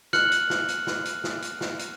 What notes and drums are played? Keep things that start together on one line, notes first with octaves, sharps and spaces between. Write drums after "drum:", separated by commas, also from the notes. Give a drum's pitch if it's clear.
F6 F#6 C#7 F#7, drum: snare
drum: hi-hat
drum: snare
drum: hi-hat
drum: snare
drum: hi-hat
drum: snare
drum: hi-hat
drum: snare
drum: hi-hat